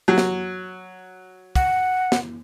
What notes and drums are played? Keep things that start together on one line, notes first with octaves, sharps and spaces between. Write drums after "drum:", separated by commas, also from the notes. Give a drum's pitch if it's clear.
F#3
drum: snare
F#5, drum: kick
drum: snare